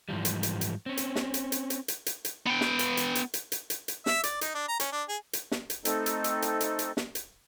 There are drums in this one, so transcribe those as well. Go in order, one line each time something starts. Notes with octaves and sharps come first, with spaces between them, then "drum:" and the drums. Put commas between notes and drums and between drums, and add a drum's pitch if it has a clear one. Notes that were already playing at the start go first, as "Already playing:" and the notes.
G#2 E3 F3 G3
drum: hi-hat
drum: hi-hat
drum: hi-hat
C4 C#4
drum: hi-hat
drum: snare
drum: hi-hat
drum: hi-hat
drum: hi-hat
drum: hi-hat
drum: hi-hat
drum: hi-hat
B3 G5
drum: snare
drum: hi-hat
drum: hi-hat
drum: hi-hat
drum: hi-hat
drum: hi-hat
drum: hi-hat
drum: hi-hat
E5, drum: snare
D5, drum: hi-hat
D#4, drum: hi-hat
D4
A#5
C#4, drum: hi-hat
D4
G#4
drum: hi-hat
drum: snare
drum: hi-hat
A3 C4 D#4 A4, drum: hi-hat
drum: hi-hat
drum: hi-hat
drum: hi-hat
drum: hi-hat
drum: hi-hat
drum: snare
drum: hi-hat